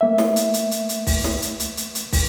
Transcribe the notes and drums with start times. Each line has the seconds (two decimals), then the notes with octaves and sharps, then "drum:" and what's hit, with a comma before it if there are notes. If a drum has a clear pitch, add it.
0.01 A3 A#3 E5
0.18 drum: snare
0.36 drum: hi-hat
0.54 drum: hi-hat
0.71 drum: hi-hat
0.89 drum: hi-hat
1.07 drum: kick, open hi-hat
1.24 drum: snare
1.42 drum: hi-hat
1.60 drum: hi-hat
1.77 drum: hi-hat
1.95 drum: hi-hat
2.13 drum: kick, open hi-hat